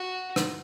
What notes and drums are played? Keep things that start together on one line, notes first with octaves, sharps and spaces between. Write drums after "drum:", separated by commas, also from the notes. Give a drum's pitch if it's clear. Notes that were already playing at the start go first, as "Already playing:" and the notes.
Already playing: F#4
drum: rim click